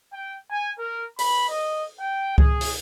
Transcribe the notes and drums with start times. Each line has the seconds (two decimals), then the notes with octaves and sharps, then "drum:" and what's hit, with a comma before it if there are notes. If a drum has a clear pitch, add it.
0.13 G5
0.50 G#5
0.79 A#4
1.19 B5, drum: open hi-hat
1.49 D#5
2.00 G5
2.38 G#4, drum: kick C#2
2.61 drum: open hi-hat